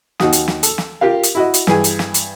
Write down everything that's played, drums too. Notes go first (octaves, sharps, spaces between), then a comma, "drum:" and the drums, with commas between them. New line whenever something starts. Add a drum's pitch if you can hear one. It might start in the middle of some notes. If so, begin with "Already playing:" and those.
D#2 D#4 F#4 D#6, drum: snare
drum: hi-hat
drum: snare
A4, drum: hi-hat
drum: snare
F4 G4 A#4 F5
drum: hi-hat
E4 F#4 D#5
drum: hi-hat
G2 E3 G#4 G#5, drum: snare
drum: hi-hat
drum: snare
drum: hi-hat